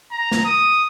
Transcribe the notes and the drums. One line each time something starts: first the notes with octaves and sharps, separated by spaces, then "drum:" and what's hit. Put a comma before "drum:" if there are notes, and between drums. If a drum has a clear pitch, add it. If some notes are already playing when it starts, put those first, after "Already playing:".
A#5
drum: snare
D#6